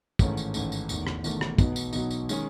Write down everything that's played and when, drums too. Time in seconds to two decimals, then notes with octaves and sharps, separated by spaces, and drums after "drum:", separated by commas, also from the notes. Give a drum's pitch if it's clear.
0.19 A1 G#2 D#3 A3 C#4, drum: kick, tambourine
0.37 drum: tambourine
0.54 A1 G#2 D#3 A3 C#4, drum: tambourine
0.72 drum: tambourine
0.89 E1 E2 D#3 A3, drum: tambourine
1.07 drum: rim click
1.24 E1 E2 D#3 A3, drum: tambourine
1.41 drum: rim click
1.58 B1 B2 F#3 B3 D#4, drum: kick, tambourine
1.76 drum: tambourine
1.93 B1 B2 F#3 B3 D#4, drum: tambourine
2.10 drum: tambourine
2.29 D#3 G#3 C#4 G#4, drum: tambourine